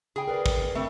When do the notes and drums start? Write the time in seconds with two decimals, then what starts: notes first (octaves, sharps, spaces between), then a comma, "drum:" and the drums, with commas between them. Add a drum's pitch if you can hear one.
0.16 C#3 G#4 G5
0.28 A#4 B4 D5
0.46 drum: kick
0.75 D3 A3 C4